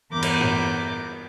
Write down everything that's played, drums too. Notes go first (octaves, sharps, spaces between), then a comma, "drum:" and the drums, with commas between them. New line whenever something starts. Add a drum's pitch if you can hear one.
E2 G2 A#4 B5 D6 G6
drum: cymbal
drum: tom